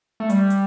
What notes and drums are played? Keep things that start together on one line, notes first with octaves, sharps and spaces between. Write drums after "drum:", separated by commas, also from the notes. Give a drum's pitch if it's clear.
A3
G3, drum: hi-hat
drum: hi-hat